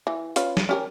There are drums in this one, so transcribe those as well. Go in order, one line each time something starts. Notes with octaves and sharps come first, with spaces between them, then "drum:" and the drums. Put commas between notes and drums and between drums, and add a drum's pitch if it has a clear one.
E3
C#4 F4 B4, drum: hi-hat
drum: snare
C#4 G4 A#4